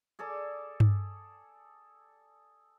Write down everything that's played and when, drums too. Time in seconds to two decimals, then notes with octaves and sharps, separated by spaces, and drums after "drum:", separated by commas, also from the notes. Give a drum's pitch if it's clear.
0.19 G#4 A4 D5 D6
0.80 drum: tom G2